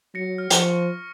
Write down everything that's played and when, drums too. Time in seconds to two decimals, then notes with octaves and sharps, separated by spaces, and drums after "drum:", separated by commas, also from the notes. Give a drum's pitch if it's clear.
0.15 F#3 A#6 C#7
0.38 F6
0.51 F3, drum: hi-hat
0.62 C#6